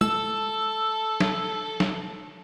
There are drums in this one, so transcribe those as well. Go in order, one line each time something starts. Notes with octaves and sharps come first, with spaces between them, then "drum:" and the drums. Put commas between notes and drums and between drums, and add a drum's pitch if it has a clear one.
A4 E6, drum: tom
drum: snare
drum: snare